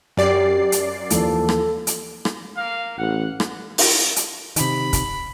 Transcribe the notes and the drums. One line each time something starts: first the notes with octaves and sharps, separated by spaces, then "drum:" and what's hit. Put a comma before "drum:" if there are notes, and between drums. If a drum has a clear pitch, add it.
F#2 G4 D5 C7
drum: hi-hat
D#2 E3 F3 A4, drum: hi-hat
drum: rim click
drum: hi-hat
drum: rim click
A#3 F5
A1 F#5
drum: rim click
drum: open hi-hat
drum: hi-hat
C3 D#3 B5, drum: hi-hat
drum: kick, hi-hat